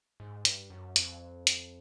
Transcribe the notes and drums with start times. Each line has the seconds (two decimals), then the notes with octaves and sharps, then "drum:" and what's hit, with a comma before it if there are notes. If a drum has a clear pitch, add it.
0.20 G#2
0.45 G2, drum: hi-hat
0.70 F#2
0.96 F2, drum: hi-hat
1.47 drum: hi-hat